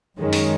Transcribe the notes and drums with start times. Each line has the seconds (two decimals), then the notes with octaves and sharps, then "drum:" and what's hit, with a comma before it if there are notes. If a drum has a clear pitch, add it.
0.18 F#2 D#3 G#3 C#4
0.33 drum: open hi-hat